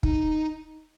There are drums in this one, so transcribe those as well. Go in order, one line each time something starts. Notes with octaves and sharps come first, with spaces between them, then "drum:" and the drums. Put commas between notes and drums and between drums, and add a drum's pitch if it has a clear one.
D#4, drum: kick